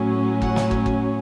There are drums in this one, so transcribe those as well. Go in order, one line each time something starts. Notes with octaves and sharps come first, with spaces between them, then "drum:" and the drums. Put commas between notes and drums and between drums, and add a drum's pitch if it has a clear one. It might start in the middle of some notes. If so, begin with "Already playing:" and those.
Already playing: A2 F#3 C#4
F#5, drum: kick
drum: snare
drum: kick
drum: kick